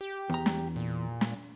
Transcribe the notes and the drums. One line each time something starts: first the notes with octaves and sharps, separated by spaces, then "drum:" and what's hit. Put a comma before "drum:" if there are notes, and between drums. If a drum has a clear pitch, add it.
G4
E2 A#5
drum: snare
A#2
drum: snare